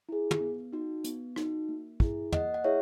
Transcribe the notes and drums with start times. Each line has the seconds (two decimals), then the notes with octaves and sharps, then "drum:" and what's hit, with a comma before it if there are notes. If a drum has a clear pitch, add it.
0.09 E4 G#4
0.31 drum: tom
0.41 B3
0.73 D#4 F#4
1.04 B3, drum: hi-hat
1.36 D#4 F#4, drum: rim click
1.69 A#3
2.00 E4 G#4, drum: kick
2.32 A#3 D#5 F#5, drum: tom
2.54 F#5
2.64 E4 G#4 C#5 E5